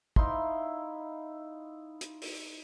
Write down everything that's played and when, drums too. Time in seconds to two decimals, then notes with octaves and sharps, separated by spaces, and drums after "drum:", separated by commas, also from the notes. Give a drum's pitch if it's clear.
0.16 D#4 E4 F5 C6, drum: kick
2.01 drum: hi-hat
2.22 drum: open hi-hat